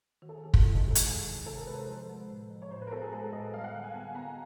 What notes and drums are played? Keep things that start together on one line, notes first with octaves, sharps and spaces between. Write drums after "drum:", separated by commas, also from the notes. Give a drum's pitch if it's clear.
D#3 F#4
A4
G#4
D#3 G4
F4, drum: kick
C3 E4
D#4
G#3 G4
A4
G#4, drum: hi-hat
D#3
D#3
C3 A4
A#4
G#3 B4
C5
F3
G#3
A2
F3
C#5
A2 C5
B4
A#4
B3 A4
G#4
G#3 A4
A2 D#5
G3 F5
F#5
D3 G5
G#5
B3 A5
B3 A#5